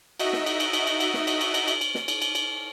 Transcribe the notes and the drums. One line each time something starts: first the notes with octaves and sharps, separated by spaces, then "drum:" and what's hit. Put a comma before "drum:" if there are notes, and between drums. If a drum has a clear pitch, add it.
D#4 F#4 D#5 E5, drum: cymbal
drum: snare
drum: cymbal
drum: cymbal
drum: cymbal
drum: cymbal
drum: cymbal
drum: snare
drum: cymbal
drum: cymbal
drum: cymbal
drum: cymbal
drum: cymbal
drum: snare
drum: cymbal
drum: cymbal
drum: cymbal